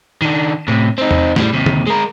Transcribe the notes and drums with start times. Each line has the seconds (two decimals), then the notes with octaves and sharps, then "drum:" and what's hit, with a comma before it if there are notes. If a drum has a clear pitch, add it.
0.22 D#3 D4
0.68 A2 C3
0.98 C4 D#4
1.11 drum: tom E2
1.36 A2 G3, drum: snare
1.53 D#2 C3
1.66 drum: tom D3
1.87 G#3 A#4